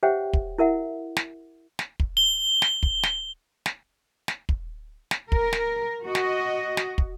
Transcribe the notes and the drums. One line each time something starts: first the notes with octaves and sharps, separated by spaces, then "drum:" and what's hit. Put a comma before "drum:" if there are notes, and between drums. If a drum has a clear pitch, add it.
G4 C5 C#5 E5 F#5 G5
drum: kick
E4 A#4 E5 F#5
drum: snare
drum: snare
drum: kick
G7
drum: snare
drum: kick
drum: snare
drum: snare
drum: snare
drum: kick
drum: snare
A#4, drum: kick
drum: snare
F#4 D#5
drum: snare
drum: snare
drum: kick